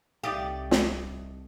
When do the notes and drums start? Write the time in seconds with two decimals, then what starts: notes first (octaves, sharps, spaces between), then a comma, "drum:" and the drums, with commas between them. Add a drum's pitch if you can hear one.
0.24 C2 A3 D#4 G4 D5 F5 D#6 A6
0.71 drum: snare